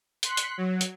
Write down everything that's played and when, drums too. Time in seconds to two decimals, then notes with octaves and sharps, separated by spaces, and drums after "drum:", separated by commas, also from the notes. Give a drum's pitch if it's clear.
0.23 C6 F#6 B6 C#7, drum: hi-hat
0.37 drum: hi-hat
0.58 F#3
0.81 drum: hi-hat